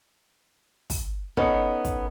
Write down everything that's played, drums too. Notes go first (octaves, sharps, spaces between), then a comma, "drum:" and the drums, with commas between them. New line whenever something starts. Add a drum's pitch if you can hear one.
drum: kick, open hi-hat
B3 C#4 D#4 A4, drum: kick
drum: kick, hi-hat